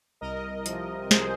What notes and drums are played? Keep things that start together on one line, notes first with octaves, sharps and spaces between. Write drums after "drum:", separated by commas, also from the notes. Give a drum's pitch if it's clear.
C2 A#4 D#5
C3 F3, drum: hi-hat
G#4 C5, drum: snare